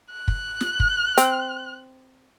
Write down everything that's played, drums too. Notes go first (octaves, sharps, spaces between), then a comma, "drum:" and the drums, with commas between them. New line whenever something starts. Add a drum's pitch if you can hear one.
F#6
drum: kick
drum: snare
drum: kick
C4, drum: hi-hat